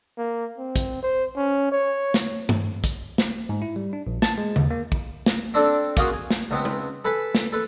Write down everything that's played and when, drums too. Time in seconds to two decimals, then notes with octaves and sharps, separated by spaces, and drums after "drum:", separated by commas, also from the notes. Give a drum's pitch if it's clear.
0.18 A#3
0.58 C4
0.76 drum: kick, hi-hat
1.03 C5
1.36 C#4
1.72 C#5
2.14 drum: snare
2.49 drum: tom G2
2.84 drum: kick, hi-hat
3.18 drum: snare
3.49 G#2
3.62 E4
3.76 G3
3.93 D4
4.07 A#1
4.22 A5, drum: snare
4.38 G#3
4.56 D#2, drum: tom C#3
4.71 A#3
4.92 drum: kick
5.26 drum: snare
5.54 C4 D4 A4
5.97 A#3 C#4 F4 F#4 G#4, drum: kick, hi-hat
6.13 G#5
6.30 drum: snare
6.51 C#2 B3 C4
6.65 drum: tom G#3
7.05 A4 B4 G#5 A5 B5
7.35 drum: snare
7.52 A4 B4